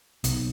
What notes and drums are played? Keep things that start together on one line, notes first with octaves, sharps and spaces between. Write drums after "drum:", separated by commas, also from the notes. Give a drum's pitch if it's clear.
B1, drum: hi-hat